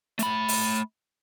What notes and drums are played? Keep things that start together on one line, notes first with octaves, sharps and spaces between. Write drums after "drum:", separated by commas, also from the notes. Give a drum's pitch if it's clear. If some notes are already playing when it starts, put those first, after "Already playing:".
A3 B5, drum: hi-hat
drum: open hi-hat